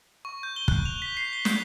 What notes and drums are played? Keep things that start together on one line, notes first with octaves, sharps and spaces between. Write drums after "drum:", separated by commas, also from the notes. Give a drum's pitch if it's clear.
C#6
G6
G7
F#6, drum: kick
F7
B6
C7
G7
G6, drum: snare